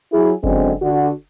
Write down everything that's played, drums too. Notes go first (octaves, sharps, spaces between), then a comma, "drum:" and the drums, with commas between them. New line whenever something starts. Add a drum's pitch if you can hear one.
F#3 E4 G#4
F#2 D3 G#3 C4, drum: kick F#1
D3 F#4